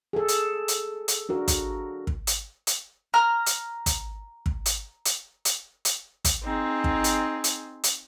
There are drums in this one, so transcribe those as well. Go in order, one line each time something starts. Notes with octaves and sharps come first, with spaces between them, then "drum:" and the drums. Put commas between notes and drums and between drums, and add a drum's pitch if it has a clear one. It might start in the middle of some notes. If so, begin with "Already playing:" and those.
G#4 A4
drum: hi-hat
drum: hi-hat
drum: hi-hat
D4 F#4 A#4
drum: kick, hi-hat
drum: kick
drum: hi-hat
drum: hi-hat
A#5 F6
drum: hi-hat
drum: kick, hi-hat
drum: kick
drum: hi-hat
drum: hi-hat
drum: hi-hat
drum: hi-hat
drum: kick, hi-hat
C4 D#4 G#4
drum: kick
drum: hi-hat
drum: hi-hat
drum: hi-hat